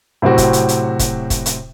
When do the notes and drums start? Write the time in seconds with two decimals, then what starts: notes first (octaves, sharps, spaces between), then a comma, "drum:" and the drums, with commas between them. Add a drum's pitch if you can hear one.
0.22 A2 C3 F#3 C4 F#4
0.38 drum: kick, hi-hat
0.53 drum: hi-hat
0.69 drum: hi-hat
0.99 drum: kick, hi-hat
1.30 drum: kick, hi-hat
1.46 drum: hi-hat